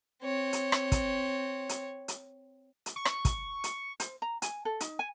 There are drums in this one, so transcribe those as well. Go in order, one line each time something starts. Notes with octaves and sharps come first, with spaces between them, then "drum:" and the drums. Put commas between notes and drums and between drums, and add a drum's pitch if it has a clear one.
C4 C#5
drum: hi-hat
drum: rim click
drum: kick, hi-hat
drum: hi-hat
drum: hi-hat
drum: hi-hat
C#6
drum: rim click
drum: kick, hi-hat
drum: hi-hat
C5, drum: hi-hat
A#5
G#5, drum: hi-hat
A4
D#4, drum: hi-hat
G#5